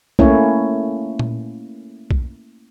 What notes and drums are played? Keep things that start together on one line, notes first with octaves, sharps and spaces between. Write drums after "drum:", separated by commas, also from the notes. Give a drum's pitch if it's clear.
A3 A#3 C#4 E4 C#5, drum: kick B1
drum: tom A#2
drum: kick B1